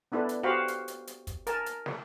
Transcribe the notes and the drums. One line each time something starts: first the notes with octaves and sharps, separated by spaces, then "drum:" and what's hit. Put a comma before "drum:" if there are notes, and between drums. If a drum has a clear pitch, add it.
B3 D4 E4 A4 B4
drum: hi-hat
F#4 G4 C5 F5 B5
drum: hi-hat
drum: hi-hat
drum: hi-hat
drum: kick, hi-hat
A#4 G#5 A5, drum: hi-hat
drum: hi-hat
drum: snare